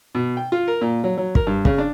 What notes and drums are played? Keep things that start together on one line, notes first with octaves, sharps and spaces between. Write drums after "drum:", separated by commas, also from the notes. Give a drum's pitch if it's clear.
B2
G5
F4
A#4
A#2
F#3
F#3
A#4, drum: kick
G2
C#3, drum: kick
D4